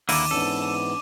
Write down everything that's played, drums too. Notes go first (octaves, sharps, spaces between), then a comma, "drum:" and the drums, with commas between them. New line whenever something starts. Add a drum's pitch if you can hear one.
D#2 D3 A#3 E4 A#5 D6 A6 D#7, drum: open hi-hat
G#2 E3 B3 C#4 D4 A4